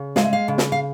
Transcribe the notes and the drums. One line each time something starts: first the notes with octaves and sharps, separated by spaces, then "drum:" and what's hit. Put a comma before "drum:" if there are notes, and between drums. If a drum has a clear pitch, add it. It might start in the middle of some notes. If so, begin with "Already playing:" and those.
Already playing: C#3
G#3 F5, drum: snare
E5
F5
C#3
drum: snare
F5